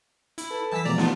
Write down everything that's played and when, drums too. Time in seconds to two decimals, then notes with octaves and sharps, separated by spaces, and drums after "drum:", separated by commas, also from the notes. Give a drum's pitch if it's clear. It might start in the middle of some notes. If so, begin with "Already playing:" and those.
0.38 E4, drum: hi-hat
0.50 A4 B4
0.72 E3 F#3 G#5 A5 E6 B6
0.85 B2 F3 G#3 D5 A#5 D6
0.98 D#3 F3 A3 B3 F4 A5, drum: snare